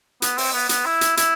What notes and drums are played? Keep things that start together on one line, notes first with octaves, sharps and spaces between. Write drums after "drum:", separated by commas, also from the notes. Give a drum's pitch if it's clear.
B3, drum: hi-hat
C4, drum: open hi-hat
B3
B3, drum: hi-hat
E4
drum: hi-hat
E4, drum: hi-hat